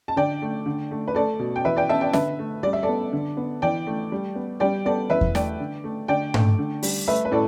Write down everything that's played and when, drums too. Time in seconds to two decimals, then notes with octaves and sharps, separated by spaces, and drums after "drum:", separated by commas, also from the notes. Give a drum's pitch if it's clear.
0.08 A5
0.16 D3 D5 G5
0.42 A3
0.66 D3
0.91 A3
1.08 B4
1.15 A3 A4 D5
1.39 B2
1.56 G5
1.65 E3 B4 E5
1.76 D5 G5
1.89 B3 E5 A5
2.01 D5 G5
2.13 D3 B4 E5, drum: snare
2.39 A3
2.63 G3 D5
2.73 E5
2.83 A4 D5
2.88 B3
3.13 D3
3.37 B3
3.62 E3 D5 G5
3.87 A3
4.12 G3
4.35 B3
4.60 G3 D5 G5
4.85 B3 A4 D5
5.10 E3 B4 E5
5.21 drum: kick E2
5.35 A3 D5 G5, drum: snare
5.60 D3
5.84 A3
6.08 D3 D5 G5
6.34 A3, drum: tom G#2
6.59 D3
6.83 G3, drum: open hi-hat
7.08 A3 B4 E5
7.25 B4
7.32 A2 A4 D5